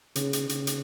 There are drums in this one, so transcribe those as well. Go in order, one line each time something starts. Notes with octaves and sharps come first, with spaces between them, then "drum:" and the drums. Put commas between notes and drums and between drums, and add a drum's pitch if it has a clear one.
C#3, drum: hi-hat
drum: hi-hat
C#3, drum: hi-hat
drum: hi-hat